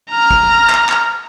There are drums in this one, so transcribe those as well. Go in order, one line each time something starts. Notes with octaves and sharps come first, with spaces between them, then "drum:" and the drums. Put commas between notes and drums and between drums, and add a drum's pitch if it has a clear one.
A#5 F6
drum: kick
drum: clap
drum: clap